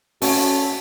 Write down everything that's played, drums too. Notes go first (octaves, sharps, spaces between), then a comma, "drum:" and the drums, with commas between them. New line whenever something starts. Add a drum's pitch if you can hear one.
A3 C#4 F#4, drum: open hi-hat